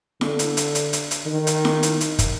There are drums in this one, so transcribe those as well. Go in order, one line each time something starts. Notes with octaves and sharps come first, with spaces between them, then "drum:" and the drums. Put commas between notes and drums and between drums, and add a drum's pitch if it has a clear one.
D3, drum: snare E4
drum: hi-hat
drum: hi-hat
drum: hi-hat
drum: hi-hat
drum: hi-hat
D#3
drum: hi-hat
drum: snare E4
drum: hi-hat
drum: hi-hat
drum: kick, hi-hat